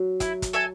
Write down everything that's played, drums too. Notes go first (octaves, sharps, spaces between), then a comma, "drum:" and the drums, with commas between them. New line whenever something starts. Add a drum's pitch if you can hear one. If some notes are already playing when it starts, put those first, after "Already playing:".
Already playing: F#3
E4, drum: kick, hi-hat
drum: kick, hi-hat
A4 E5 G#5